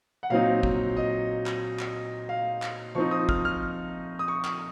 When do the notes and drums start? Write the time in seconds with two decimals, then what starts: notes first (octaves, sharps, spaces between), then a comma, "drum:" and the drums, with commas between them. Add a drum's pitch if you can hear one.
0.23 F#5
0.30 A#2 F#3 C4 D#4 F5
0.63 drum: kick
0.96 D#5
1.46 drum: clap
1.79 drum: clap
2.29 F5
2.62 drum: clap
2.95 F3 C4 D#4 C#6
3.11 D#6
3.29 F6, drum: kick
3.45 F6
4.19 D#6
4.28 C#6
4.44 drum: clap